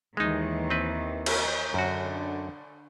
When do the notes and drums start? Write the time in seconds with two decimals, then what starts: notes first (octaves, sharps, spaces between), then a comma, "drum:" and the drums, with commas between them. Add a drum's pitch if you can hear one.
0.17 D#2 D#3 E3 G#3 D#4
0.70 C4 B4
1.26 drum: cymbal
1.74 F#2 D3 F#4